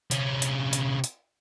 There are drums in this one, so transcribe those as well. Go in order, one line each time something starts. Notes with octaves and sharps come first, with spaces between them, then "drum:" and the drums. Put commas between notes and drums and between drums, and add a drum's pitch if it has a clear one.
C3 C#4, drum: hi-hat
drum: hi-hat
drum: hi-hat
drum: hi-hat